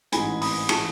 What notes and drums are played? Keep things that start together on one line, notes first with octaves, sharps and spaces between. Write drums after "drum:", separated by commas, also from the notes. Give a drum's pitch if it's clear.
A1 G#2 E3 G#3 G#5 B5, drum: hi-hat
B5 D#6, drum: open hi-hat
E3 G#3 A5 C#6, drum: cymbal